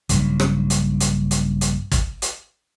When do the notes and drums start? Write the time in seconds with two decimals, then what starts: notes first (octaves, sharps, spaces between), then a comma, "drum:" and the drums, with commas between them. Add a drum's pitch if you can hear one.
0.09 A#1 G2 C#3 F#3, drum: hi-hat
0.40 drum: rim click
0.70 drum: hi-hat
1.00 drum: hi-hat
1.31 drum: hi-hat
1.61 drum: hi-hat
1.92 drum: kick, hi-hat
2.22 drum: hi-hat